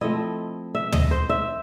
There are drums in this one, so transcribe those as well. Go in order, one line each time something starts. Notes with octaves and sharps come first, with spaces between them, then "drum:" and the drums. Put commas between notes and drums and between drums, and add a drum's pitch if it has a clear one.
F3 A3 C4 E4 D#5
E5
D#5, drum: tom
C5
E5